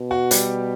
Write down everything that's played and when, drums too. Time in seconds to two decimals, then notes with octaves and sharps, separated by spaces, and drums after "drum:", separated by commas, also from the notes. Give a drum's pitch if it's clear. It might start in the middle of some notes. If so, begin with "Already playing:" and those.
Already playing: B2
0.11 F#4
0.31 G3 G4, drum: hi-hat